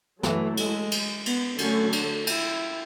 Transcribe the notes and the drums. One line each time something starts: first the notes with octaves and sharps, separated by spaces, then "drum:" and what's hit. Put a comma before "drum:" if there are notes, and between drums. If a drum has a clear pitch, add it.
E3 F#3 A3 E4 A4, drum: snare
G#3, drum: cymbal
drum: cymbal
B3, drum: cymbal
D3 F#3 A3 C#4, drum: cymbal
D4, drum: cymbal
E4, drum: cymbal